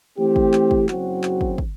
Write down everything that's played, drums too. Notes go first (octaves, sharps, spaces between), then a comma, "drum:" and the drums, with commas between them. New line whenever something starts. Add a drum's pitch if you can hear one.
E3 A3 C4 G4
drum: kick
drum: clap
drum: kick
F#1 F#2 F#3 C4 F#4, drum: clap
drum: clap
drum: kick
drum: kick